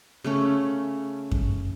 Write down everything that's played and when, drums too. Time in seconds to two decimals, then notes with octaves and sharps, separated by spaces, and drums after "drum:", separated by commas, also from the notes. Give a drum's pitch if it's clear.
0.24 C#3 A3 C#4
1.31 drum: kick F#2